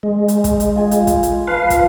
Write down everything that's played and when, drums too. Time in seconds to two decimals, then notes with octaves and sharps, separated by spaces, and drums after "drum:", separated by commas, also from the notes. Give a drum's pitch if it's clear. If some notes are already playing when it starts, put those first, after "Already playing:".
0.03 G#3
0.28 drum: hi-hat
0.44 drum: kick, hi-hat
0.60 drum: hi-hat
0.76 F4 G#5
0.91 drum: hi-hat
1.07 drum: kick, hi-hat
1.23 drum: hi-hat
1.47 F3 B4 F5
1.70 drum: kick, hi-hat